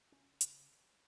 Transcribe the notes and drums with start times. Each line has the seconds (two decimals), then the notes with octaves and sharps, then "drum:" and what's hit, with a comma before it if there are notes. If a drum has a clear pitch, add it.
0.12 C#3 C#4
0.41 C#3, drum: hi-hat